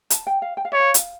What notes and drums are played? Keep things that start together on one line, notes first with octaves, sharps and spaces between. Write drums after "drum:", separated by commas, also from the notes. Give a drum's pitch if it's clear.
A5, drum: hi-hat
G5
F5
G5
F5
C#5 E5
F5
drum: hi-hat